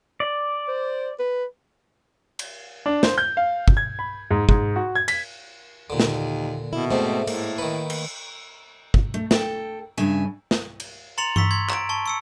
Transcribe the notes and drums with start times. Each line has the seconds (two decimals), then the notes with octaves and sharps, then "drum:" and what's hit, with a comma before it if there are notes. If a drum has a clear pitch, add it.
0.20 D5
0.68 C5
1.19 B4
2.39 drum: cymbal
2.86 D4
3.03 C5, drum: snare
3.18 G6
3.37 F5
3.68 drum: kick
3.77 G#6
3.99 B5
4.31 G#2
4.49 G#2, drum: kick
4.76 F#4
4.95 G#6
5.08 B6, drum: cymbal
5.90 D#2 A#2 D3
6.00 drum: snare
6.73 B2 E4
6.91 G#2 A3 C4 D4
7.27 A2 A#3, drum: cymbal
7.58 D#3 B4
7.90 drum: cymbal
8.94 drum: kick
9.14 A3
9.31 A4 G5, drum: snare
9.97 G2 C#3 C#4 E5 G#5
10.51 drum: snare
10.80 drum: cymbal
11.18 A#5 C6 A6 C#7 F7 F#7
11.36 C#6 E6 B6, drum: tom G2
11.51 C6 G#6
11.69 A#5 D7, drum: clap
11.89 A5 C#6
12.06 C#6 E6 C#7